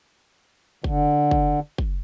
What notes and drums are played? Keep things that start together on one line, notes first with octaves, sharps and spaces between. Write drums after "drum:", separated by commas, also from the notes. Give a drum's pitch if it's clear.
D3, drum: kick
drum: kick
drum: kick